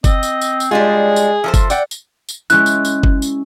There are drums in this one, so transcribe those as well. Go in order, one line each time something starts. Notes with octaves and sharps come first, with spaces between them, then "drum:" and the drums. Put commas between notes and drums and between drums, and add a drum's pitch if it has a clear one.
C4 D#5, drum: kick G1, tambourine
drum: tambourine
drum: tambourine
drum: tambourine
G3 G#3 D4 F4 G#4
drum: tambourine
F3 A4 C5 E5
drum: kick G1, tambourine
D5 F#5 G5, drum: tambourine
drum: tambourine
drum: tambourine
G#3 C#4 E4 F#6, drum: tambourine
drum: tambourine
drum: tambourine
drum: kick G1
drum: tambourine